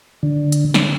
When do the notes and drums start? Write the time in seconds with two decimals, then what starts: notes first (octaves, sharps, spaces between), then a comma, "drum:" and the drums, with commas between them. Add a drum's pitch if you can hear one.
0.23 D3
0.52 drum: hi-hat
0.74 drum: snare